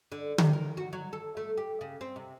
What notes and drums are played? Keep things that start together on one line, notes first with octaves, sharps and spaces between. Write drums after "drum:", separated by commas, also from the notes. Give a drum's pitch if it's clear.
D3
C3, drum: tom D3
A#4
F#4
F#3
A4
A3
G4
C#3
C4
C3